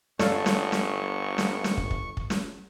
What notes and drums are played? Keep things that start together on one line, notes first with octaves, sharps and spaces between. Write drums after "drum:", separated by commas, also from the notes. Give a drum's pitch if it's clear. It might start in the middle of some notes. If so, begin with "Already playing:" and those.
G1 A4 C#5 D5 F5 C#6, drum: snare
drum: snare
drum: snare
drum: snare
drum: snare
drum: kick
drum: kick
drum: kick
drum: snare